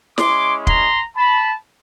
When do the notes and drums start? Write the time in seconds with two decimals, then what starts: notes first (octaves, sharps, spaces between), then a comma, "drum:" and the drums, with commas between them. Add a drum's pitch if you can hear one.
0.18 G#3 C#4 E4 C6 D6, drum: snare
0.67 A#5 C6, drum: kick
1.17 A5 B5